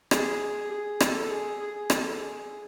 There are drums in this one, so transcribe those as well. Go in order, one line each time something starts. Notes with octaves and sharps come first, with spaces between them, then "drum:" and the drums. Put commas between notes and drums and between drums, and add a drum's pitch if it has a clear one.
G#4, drum: rim click
G#4
A4, drum: rim click
G#4
G#4
A4, drum: rim click
G#4